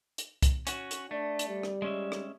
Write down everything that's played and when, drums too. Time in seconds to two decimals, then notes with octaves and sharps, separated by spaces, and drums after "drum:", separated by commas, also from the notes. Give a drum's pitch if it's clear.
0.18 drum: hi-hat
0.42 drum: kick C2, hi-hat
0.67 C#4 F#4, drum: hi-hat
0.91 drum: hi-hat
1.11 A3 D4
1.39 drum: hi-hat
1.48 G3
1.63 drum: rim click
1.82 G#3 C#4 E5
2.12 drum: rim click